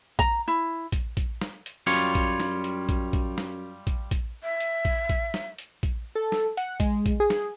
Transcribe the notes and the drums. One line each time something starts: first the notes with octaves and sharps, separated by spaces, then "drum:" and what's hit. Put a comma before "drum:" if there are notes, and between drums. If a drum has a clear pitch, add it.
A#5, drum: kick, hi-hat
E4
drum: kick, hi-hat
drum: kick, hi-hat
drum: snare
drum: hi-hat
F#2 G3 F4 C#5
drum: kick, hi-hat
drum: snare
drum: hi-hat
drum: kick, hi-hat
drum: kick, hi-hat
drum: snare
drum: kick, hi-hat
drum: kick, hi-hat
E5
drum: hi-hat
drum: kick, hi-hat
drum: kick, hi-hat
drum: snare
drum: hi-hat
drum: kick, hi-hat
A4
drum: snare
F#5, drum: hi-hat
G#3, drum: kick, hi-hat
drum: kick, hi-hat
G#4
drum: snare